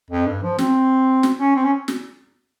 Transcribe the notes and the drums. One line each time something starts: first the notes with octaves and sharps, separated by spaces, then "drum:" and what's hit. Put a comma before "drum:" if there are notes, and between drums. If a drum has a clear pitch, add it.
F2
G2
F3
C4, drum: snare
drum: snare
C#4
C4
C#4
drum: snare